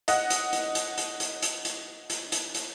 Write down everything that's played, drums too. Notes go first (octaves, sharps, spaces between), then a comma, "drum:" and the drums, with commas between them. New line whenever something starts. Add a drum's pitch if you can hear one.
D#5 F#5, drum: hi-hat
drum: hi-hat
drum: hi-hat
drum: hi-hat
drum: hi-hat
drum: hi-hat
drum: hi-hat
drum: hi-hat
drum: hi-hat
drum: hi-hat
drum: hi-hat